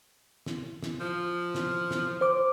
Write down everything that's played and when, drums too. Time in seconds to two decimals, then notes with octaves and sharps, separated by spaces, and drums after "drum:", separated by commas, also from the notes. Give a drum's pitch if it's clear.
0.46 drum: snare
0.82 drum: snare
1.01 F3
1.55 drum: snare
1.91 drum: snare
2.21 C5 D6